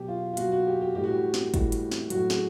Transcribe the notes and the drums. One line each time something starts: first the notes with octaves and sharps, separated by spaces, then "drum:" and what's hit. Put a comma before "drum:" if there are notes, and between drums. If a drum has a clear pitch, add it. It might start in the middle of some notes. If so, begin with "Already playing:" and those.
Already playing: B2 F#3 G4
F4
F4
B2 F#3 F#4, drum: hi-hat
F#4
G4
G4
A2 E3 G3 G4
F#4
G4
drum: snare
A2 E3 G3, drum: kick, hi-hat
drum: hi-hat
drum: snare
A2 F#3 F#4, drum: hi-hat
G#4, drum: snare